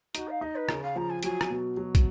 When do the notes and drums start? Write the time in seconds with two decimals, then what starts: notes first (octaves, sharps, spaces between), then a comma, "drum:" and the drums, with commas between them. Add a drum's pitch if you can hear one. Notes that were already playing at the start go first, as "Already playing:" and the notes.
0.15 D#4 F#4, drum: hi-hat
0.28 F5
0.41 D#4 D#5
0.55 B4
0.69 C#3 A#4, drum: rim click
0.82 F5
0.96 F3 A#5
1.09 G#5
1.23 F#3 G#5, drum: hi-hat
1.41 drum: rim click
1.50 B2
1.77 F#3
1.95 drum: kick, hi-hat